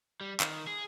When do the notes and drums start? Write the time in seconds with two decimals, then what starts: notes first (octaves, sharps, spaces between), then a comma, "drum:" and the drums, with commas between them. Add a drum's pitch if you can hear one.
0.21 G3
0.40 D#3, drum: clap
0.67 G#4